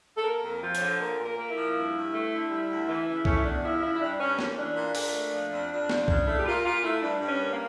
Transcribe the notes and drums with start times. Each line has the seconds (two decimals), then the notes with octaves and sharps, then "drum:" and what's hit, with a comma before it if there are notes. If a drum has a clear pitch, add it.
0.17 A4
0.24 A#3 A#4
0.43 F2
0.62 F3
0.75 C#5, drum: hi-hat
0.81 D3
1.00 A#2 A#4
1.18 A#2
1.25 A#4
1.38 A#3
1.50 E4
1.56 F3
1.75 G2
1.94 G2
2.13 A3
2.31 D3
2.50 G3
2.69 D2
2.88 E3
3.07 C#3
3.25 A3 C#4, drum: kick C2
3.36 E4
3.44 E2 D4
3.63 F3 E4
3.82 C#3 E4
3.95 E4
4.01 G2 D4
4.19 G2 C#4
4.39 A#3 C#4, drum: snare
4.57 E3 D4
4.76 A#2
4.95 A#2, drum: open hi-hat
5.14 A3
5.32 F3
5.51 F2
5.70 F2
5.90 F3, drum: snare
6.08 C#3, drum: kick C2
6.26 A3 E4
6.39 G4
6.46 A#2 F4
6.64 A#2 F4
6.83 A3 E4
7.02 G2 D4
7.21 G2
7.28 C#4
7.40 A#3
7.53 A#3